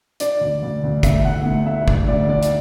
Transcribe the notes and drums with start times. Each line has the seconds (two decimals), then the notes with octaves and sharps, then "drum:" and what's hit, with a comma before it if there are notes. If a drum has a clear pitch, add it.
0.20 D4 D5, drum: hi-hat
0.41 D2
0.62 D2
0.83 D2
1.03 A3 E5, drum: kick, hi-hat
1.25 D2 F#5
1.46 A3
1.66 A3 E5
1.88 D4, drum: kick
2.08 D2 D5
2.29 D3 D5
2.43 drum: hi-hat